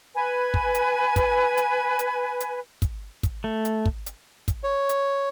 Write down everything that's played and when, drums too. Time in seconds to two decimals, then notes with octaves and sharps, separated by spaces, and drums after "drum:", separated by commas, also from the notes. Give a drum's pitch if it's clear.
0.14 B4 G#5
0.54 drum: kick
0.75 drum: hi-hat
1.16 drum: kick, hi-hat
1.57 drum: hi-hat
1.99 drum: hi-hat
2.40 drum: hi-hat
2.82 drum: kick, hi-hat
3.23 drum: kick, hi-hat
3.44 A3
3.65 drum: hi-hat
3.86 drum: kick
4.06 drum: hi-hat
4.48 drum: kick, hi-hat
4.64 C#5
4.89 drum: hi-hat